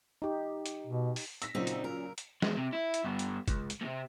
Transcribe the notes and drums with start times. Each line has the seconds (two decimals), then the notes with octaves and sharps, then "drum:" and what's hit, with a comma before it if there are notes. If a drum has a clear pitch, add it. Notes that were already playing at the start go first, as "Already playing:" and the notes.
0.22 D#4 G4
0.66 drum: hi-hat
0.87 B2
1.16 drum: open hi-hat
1.42 E6 A#6 B6, drum: hi-hat
1.55 A#2 C#3 F#3 C4 D#4 F#4
1.67 drum: hi-hat
1.84 A#4
2.18 drum: hi-hat
2.42 E2 G#3, drum: snare
2.57 C3
2.73 E4
2.94 drum: hi-hat
3.04 G2 B3
3.19 drum: hi-hat
3.48 C#2, drum: kick, hi-hat
3.70 drum: hi-hat
3.81 A2 C3